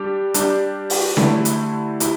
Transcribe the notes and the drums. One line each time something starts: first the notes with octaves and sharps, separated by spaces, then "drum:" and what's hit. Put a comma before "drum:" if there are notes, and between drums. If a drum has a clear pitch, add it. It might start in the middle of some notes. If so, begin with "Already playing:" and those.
Already playing: G3 D4 G4
G3 D4 G4, drum: hi-hat
drum: open hi-hat
D3 A3 E4 G4, drum: snare C#4
drum: hi-hat
E4 G4, drum: hi-hat